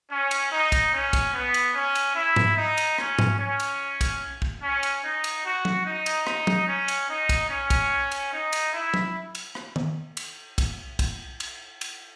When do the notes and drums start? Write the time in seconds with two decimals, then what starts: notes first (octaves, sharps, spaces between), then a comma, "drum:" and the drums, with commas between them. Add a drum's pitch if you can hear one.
0.11 C#4
0.31 drum: cymbal
0.52 D#4
0.72 drum: kick, cymbal
0.93 C#4
1.13 drum: kick, cymbal
1.34 B3
1.54 drum: cymbal
1.74 C#4
1.95 drum: cymbal
2.15 E4
2.36 drum: tom G#2
2.57 D#4
2.77 drum: cymbal
2.98 C#4, drum: rim click
3.19 drum: tom G#2
3.38 C#4
3.60 drum: cymbal
4.01 drum: kick, cymbal
4.42 drum: kick
4.62 C#4
4.83 drum: cymbal
5.03 D#4
5.24 drum: cymbal
5.45 F#4
5.65 drum: tom
5.85 D#4
6.06 drum: cymbal
6.27 drum: rim click
6.47 drum: tom
6.67 C#4
6.88 drum: cymbal
7.09 D#4
7.29 drum: kick, cymbal
7.49 C#4
7.70 drum: kick, cymbal
8.11 drum: cymbal
8.31 D#4
8.53 drum: cymbal
8.73 E4
8.94 drum: tom
9.35 drum: cymbal
9.55 drum: rim click
9.76 drum: tom D#3
10.17 drum: cymbal
10.58 drum: kick, cymbal
10.99 drum: kick, cymbal
11.40 drum: cymbal
11.81 drum: cymbal